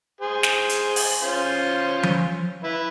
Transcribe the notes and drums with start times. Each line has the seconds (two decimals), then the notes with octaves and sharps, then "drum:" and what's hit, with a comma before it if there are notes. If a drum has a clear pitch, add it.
0.21 G#4 C5
0.43 drum: snare
0.69 drum: hi-hat
0.96 drum: open hi-hat
1.22 C#4 F4 C5
2.03 drum: tom F3
2.64 E4 B4